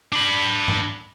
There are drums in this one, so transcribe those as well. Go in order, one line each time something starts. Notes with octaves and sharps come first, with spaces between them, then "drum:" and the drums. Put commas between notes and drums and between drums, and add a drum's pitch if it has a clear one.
D4 B5
drum: tom G2